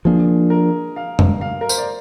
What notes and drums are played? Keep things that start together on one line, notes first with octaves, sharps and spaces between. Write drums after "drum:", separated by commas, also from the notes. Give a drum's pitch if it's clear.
F3 A#3 D4 G#4
A#4
F5
drum: tom F2
F5
A#4
C5, drum: tambourine
D5